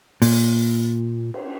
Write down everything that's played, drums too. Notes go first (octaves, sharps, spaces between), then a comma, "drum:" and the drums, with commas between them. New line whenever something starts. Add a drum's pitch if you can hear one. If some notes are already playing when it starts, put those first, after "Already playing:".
A#2, drum: open hi-hat
drum: cymbal